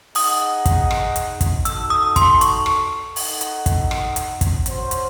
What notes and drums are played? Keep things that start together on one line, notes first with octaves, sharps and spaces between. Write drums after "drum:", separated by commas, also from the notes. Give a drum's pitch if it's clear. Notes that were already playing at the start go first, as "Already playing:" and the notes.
D#4 G#4 D#5 F#5 D#6, drum: open hi-hat
drum: kick, hi-hat
drum: rim click
drum: hi-hat
drum: kick, hi-hat
D#4 F#4 A4 E6, drum: hi-hat
D#6
C6, drum: kick, hi-hat
C#6, drum: hi-hat
drum: rim click
D#4 A4 D#5 F#5, drum: open hi-hat
drum: hi-hat
drum: kick, hi-hat
drum: rim click
drum: hi-hat
drum: kick, hi-hat
C#4 F#4 C5, drum: hi-hat
drum: hi-hat